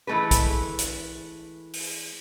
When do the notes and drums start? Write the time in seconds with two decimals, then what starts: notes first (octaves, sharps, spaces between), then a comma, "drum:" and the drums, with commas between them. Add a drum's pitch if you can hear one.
0.07 E3 G#3 A3 A4 B4
0.31 drum: kick B1, hi-hat
0.79 drum: hi-hat
1.73 drum: open hi-hat